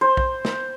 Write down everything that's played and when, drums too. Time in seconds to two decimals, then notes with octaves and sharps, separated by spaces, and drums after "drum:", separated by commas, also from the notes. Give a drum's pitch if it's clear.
0.01 C5
0.17 drum: kick B1
0.45 drum: snare